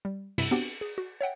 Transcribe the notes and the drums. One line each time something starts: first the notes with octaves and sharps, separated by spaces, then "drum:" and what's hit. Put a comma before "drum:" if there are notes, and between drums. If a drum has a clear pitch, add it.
G3
G2 C3 E4 E6 B6 D#7, drum: cymbal
B3 C4 D4 F#4 G4
G#4
F#4
C#5 E5 F#5 G5